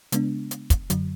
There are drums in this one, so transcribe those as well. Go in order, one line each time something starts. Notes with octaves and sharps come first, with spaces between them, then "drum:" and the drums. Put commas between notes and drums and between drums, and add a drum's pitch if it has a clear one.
C#3 G#3 B3 D4, drum: hi-hat
drum: hi-hat
drum: kick, hi-hat
F#2 D3 F#3, drum: hi-hat